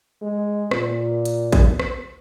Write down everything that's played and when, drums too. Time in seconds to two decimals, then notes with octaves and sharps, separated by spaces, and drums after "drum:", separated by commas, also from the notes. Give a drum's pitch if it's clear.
0.22 G#3
0.71 A#2, drum: rim click
1.25 drum: hi-hat
1.52 drum: kick, hi-hat
1.79 drum: rim click